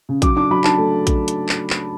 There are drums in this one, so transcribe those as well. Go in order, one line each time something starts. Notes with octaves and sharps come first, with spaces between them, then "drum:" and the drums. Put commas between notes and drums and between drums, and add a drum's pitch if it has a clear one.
C#3
F#3 D6, drum: kick A#1, hi-hat
D4 D6
F#3 B5
D4 A5, drum: clap
A3
drum: kick A#1, hi-hat
drum: hi-hat
drum: clap
drum: clap